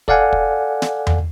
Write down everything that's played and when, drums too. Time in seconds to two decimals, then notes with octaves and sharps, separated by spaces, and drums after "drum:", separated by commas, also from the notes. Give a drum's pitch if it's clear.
0.08 A4 D5 F5 F#5 G#5, drum: kick
0.32 drum: kick
0.82 drum: snare
1.07 drum: tom E2